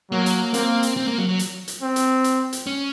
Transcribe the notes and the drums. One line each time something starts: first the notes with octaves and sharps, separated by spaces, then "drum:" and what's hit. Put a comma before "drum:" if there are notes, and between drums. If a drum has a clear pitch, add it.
F#3 A#3
drum: hi-hat
A#3 C4, drum: hi-hat
drum: hi-hat
C4
A#3
F#3
F#3
drum: hi-hat
drum: hi-hat
C4
drum: hi-hat
drum: hi-hat
drum: hi-hat
C#4